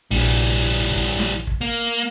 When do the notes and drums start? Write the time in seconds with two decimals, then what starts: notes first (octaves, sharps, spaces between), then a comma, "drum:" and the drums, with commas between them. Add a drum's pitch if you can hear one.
0.11 A#1 E3 G3
0.91 drum: kick
1.19 drum: snare
1.47 drum: kick
1.61 A#3